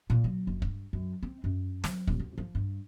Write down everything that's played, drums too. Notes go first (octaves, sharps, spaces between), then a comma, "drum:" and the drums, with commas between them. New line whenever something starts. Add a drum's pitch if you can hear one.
A#2
F#3
F#1
G2, drum: kick
F#2
C4
F#2
F#3, drum: snare
D#1, drum: kick
D2
F3
G2